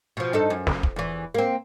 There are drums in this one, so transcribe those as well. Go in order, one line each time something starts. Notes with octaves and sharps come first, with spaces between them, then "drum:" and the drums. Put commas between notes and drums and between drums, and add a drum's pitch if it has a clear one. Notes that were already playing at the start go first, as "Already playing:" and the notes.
B2 F3
G2 D#4 A4
F#2
drum: snare
drum: kick
E2 E3
A#3 C4